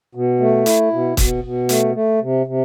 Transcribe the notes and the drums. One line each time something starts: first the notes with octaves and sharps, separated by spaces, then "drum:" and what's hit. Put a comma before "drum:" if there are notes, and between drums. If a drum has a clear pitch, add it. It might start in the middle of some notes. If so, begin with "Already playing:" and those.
B2
A3
E4, drum: hi-hat
B2
B2, drum: kick, hi-hat
B2
A3, drum: hi-hat
A3
C3
C3